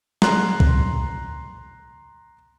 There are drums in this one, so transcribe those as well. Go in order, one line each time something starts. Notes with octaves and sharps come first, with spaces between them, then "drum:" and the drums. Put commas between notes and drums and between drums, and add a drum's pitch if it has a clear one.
A#5 C6 F#6, drum: snare
drum: kick